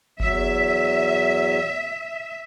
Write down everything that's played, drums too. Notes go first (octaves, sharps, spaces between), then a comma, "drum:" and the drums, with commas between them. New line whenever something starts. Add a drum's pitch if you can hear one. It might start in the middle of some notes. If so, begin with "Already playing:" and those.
E2 F#3 E5, drum: kick G1